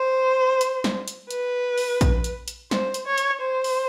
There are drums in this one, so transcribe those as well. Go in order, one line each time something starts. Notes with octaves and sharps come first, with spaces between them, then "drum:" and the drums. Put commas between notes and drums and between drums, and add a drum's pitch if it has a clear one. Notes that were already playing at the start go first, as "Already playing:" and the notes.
Already playing: C5
drum: hi-hat
drum: snare
drum: hi-hat
B4, drum: hi-hat
drum: open hi-hat
drum: kick A#1, hi-hat
drum: hi-hat
drum: hi-hat
C5, drum: snare
drum: hi-hat
C#5
drum: hi-hat
C5
drum: open hi-hat